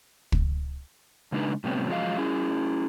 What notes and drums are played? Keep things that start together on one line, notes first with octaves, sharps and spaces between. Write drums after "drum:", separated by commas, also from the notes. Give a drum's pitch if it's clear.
drum: kick
C#3 G#3 D4 D#4 B4
A2 C3 G3 B3 C#4
F3 F#3 G#3 D#5 F5
C#4 E4 G#4